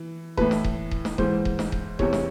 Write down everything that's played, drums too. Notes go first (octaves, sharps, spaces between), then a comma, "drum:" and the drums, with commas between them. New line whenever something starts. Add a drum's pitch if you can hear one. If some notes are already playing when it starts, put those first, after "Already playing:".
Already playing: E3
A2 E3 B4, drum: kick D#1
drum: snare
drum: kick D#1
drum: kick D#1
drum: snare
G#2 E3 C5, drum: kick D#1
drum: kick D#1
drum: snare
drum: kick D#1
E2 C3 E3 C#5, drum: kick D#1
drum: snare